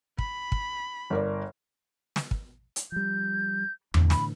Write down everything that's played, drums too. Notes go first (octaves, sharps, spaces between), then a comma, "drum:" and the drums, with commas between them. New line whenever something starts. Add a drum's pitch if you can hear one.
B5, drum: kick
drum: kick
G1 A#4 D5
drum: snare
drum: kick
drum: hi-hat
F3 G3 G6
A2 D3 E3, drum: tom E2
B5, drum: snare